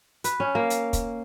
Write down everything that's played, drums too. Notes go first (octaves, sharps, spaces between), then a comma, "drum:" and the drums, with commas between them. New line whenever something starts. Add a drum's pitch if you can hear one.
B4, drum: hi-hat
C#4
A#3
drum: hi-hat
drum: kick, hi-hat